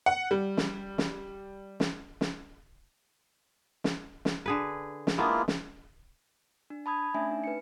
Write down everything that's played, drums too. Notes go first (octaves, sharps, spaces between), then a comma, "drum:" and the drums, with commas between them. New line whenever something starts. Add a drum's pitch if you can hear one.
F#5
G3
drum: snare
drum: snare
drum: snare
drum: snare
drum: snare
drum: snare
D3 G#4 B4
drum: snare
G#3 A#3 B3 D4 E4 F4
drum: snare
D4
A5 B5 D#6 G#6
A3 C#4 D4 E5 G#5
D#4
B4 C#7